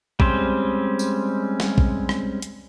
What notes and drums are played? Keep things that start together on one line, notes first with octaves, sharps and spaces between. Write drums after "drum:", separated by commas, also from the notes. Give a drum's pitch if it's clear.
G3 G#3 C4 C#4 C5, drum: kick A#1
drum: tambourine
drum: snare
drum: kick A#1
drum: rim click
drum: hi-hat